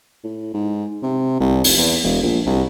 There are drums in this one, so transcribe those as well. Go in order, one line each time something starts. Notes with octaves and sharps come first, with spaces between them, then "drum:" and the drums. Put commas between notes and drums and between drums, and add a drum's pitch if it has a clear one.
A2
G#2
C3
C2
F1, drum: open hi-hat
E2
E1
A#1
C2